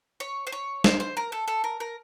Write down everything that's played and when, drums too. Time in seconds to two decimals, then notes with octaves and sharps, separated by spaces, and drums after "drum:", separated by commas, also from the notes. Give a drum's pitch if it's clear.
0.20 C#5
0.47 C5
0.52 C#5
0.84 C5, drum: snare
1.00 C5
1.17 A#4
1.32 A4
1.48 A4
1.64 A#4
1.80 A#4